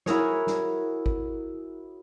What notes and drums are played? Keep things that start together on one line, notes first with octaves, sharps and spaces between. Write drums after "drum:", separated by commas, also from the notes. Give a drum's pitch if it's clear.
E4 F#4 G#4 A#4 C#5, drum: snare
drum: snare
drum: kick G#1